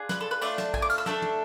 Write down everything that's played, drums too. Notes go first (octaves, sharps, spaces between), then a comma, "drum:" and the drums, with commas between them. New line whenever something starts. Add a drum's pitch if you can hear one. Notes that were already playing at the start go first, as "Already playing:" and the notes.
Already playing: D4 F4 G#4
B4, drum: snare
A4
B4
A3 D4 F4 D5, drum: cymbal
A5, drum: snare
G#5, drum: kick
D6
F6, drum: cymbal
E6
A3 D4 A4, drum: snare
drum: tom